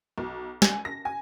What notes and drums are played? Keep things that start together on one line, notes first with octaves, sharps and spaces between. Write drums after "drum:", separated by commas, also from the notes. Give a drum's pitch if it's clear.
B1
G#5, drum: snare
A#6
G#5